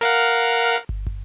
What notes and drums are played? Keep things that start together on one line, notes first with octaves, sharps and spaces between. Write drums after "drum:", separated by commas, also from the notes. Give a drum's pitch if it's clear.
A#4 F5 F#5, drum: snare
drum: kick
drum: kick